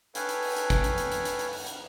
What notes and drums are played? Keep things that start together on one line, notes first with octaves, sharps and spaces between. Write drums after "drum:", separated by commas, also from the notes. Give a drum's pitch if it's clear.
A4 B4 C#5 F5 G5 G#5, drum: hi-hat
drum: hi-hat
drum: open hi-hat
drum: hi-hat
drum: kick, hi-hat
drum: hi-hat
drum: hi-hat
drum: hi-hat
drum: hi-hat
drum: hi-hat
drum: open hi-hat
drum: hi-hat